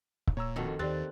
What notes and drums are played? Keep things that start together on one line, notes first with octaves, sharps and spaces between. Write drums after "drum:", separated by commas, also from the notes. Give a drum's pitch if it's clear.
drum: kick C#1
A#2 C#5 A#5 E6
F2 D#3 F#4 A4
D#2 D#3 C4 G4 A4 D5 F#6 A6